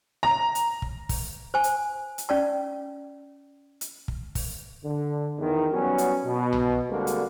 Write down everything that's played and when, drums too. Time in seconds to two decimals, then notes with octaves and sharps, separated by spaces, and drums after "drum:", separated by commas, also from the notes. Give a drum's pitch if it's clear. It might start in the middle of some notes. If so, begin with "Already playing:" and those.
0.23 A#5
0.55 drum: hi-hat
0.82 drum: kick
1.09 drum: kick, open hi-hat
1.54 C5 G#5
1.64 drum: hi-hat
2.18 drum: hi-hat
2.29 C#4 D5 A5
3.81 drum: hi-hat
4.08 drum: kick
4.35 drum: kick, open hi-hat
4.84 D3
5.39 E2 D#3
5.71 F#3 G3 B3 C#4
5.98 drum: hi-hat
6.25 B2
6.53 drum: tom
6.90 D3 G3 G#3 A#3 C4 F#4
7.07 drum: hi-hat